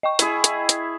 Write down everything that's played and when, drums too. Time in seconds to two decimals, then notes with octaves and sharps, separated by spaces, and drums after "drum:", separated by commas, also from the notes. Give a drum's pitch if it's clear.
0.03 D#5 G5 C#6
0.19 E4 G#4, drum: hi-hat
0.44 drum: hi-hat
0.69 drum: hi-hat